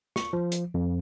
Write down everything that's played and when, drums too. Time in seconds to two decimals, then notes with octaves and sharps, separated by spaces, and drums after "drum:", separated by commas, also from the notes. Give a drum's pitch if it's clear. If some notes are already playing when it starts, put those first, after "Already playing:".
0.16 C#6, drum: snare
0.33 F3
0.52 drum: hi-hat
0.74 F2